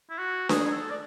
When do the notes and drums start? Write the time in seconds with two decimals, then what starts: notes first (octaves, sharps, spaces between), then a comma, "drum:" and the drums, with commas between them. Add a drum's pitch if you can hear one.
0.10 E4
0.18 F#4
0.49 G#4, drum: snare D4
0.67 G#4
0.72 A4
0.90 D5